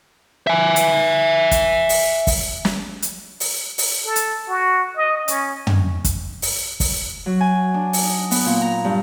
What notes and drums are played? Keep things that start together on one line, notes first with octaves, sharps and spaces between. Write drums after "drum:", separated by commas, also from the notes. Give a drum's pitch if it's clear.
E5 G#5
drum: hi-hat
drum: kick, hi-hat
drum: open hi-hat
drum: kick, open hi-hat
drum: snare
drum: hi-hat
drum: open hi-hat
drum: open hi-hat
A4
drum: hi-hat
F#4
D#5
C#4, drum: hi-hat
drum: tom
drum: kick, hi-hat
drum: open hi-hat
drum: kick, open hi-hat
F#3
G#5
D4
drum: open hi-hat
D#4
B3, drum: open hi-hat
A#2
A#5
G2